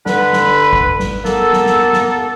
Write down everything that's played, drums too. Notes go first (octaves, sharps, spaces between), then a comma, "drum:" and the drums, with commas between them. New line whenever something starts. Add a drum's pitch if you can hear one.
D3 B4, drum: snare
drum: snare
drum: kick G#1
drum: snare
A#3 B3 A4, drum: snare
drum: snare
drum: snare
drum: snare